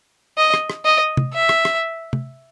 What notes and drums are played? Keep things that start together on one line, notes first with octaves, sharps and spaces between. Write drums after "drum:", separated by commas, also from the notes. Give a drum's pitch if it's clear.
D#5
drum: rim click
drum: rim click
D#5
drum: tom
E5
drum: rim click
drum: rim click
drum: tom